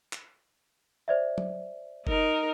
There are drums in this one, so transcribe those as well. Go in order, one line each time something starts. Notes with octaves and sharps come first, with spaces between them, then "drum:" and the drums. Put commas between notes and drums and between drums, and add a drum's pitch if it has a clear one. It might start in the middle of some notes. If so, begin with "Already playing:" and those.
drum: clap
C5 D5 E5
drum: tom
D#4 A#4, drum: kick F#1